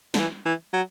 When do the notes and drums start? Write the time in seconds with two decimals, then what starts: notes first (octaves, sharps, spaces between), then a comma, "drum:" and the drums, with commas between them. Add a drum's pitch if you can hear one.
0.14 D3, drum: snare
0.18 E3
0.45 E3
0.73 F#3